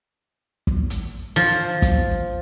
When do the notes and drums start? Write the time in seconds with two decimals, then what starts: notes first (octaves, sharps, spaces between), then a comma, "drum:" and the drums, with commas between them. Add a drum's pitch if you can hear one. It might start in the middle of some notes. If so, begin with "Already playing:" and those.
0.67 drum: kick
0.90 drum: hi-hat
1.36 F3
1.82 drum: kick, hi-hat